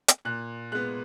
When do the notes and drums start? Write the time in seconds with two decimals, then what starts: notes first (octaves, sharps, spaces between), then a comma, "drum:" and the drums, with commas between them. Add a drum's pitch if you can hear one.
0.08 drum: hi-hat
0.25 A#2 F#6
0.72 G#3 B3 F#6